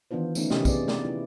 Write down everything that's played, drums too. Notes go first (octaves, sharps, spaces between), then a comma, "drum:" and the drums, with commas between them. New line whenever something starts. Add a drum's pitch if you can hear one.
D#3 E3 B3 D4 F4 C5
D3 A3 B3 C#4 D#4, drum: tambourine
C3 C#4 G4 D#5, drum: snare
B3 C4 G#4 D5, drum: kick A#1, tambourine
D5, drum: snare
D4 E4 F4